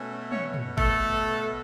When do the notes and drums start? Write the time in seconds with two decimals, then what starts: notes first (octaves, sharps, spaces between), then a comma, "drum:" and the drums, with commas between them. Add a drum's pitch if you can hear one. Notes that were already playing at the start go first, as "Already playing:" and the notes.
Already playing: B2 A3 C#4
0.32 C#4 C#5, drum: tom
0.54 drum: tom
0.78 A3 A4, drum: kick G#1